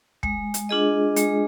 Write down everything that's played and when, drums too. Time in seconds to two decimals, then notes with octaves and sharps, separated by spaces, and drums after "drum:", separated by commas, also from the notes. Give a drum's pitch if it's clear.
0.23 G#3, drum: kick
0.54 drum: hi-hat
0.69 D4 F4 G#4 D#5
1.16 G#3, drum: hi-hat